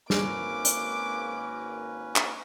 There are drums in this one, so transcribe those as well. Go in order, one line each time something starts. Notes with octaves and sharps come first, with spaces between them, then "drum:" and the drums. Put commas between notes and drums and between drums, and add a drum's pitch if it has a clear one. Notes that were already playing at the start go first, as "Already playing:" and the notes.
G#1 A#3 C#4 B4 D6, drum: snare
drum: hi-hat
drum: clap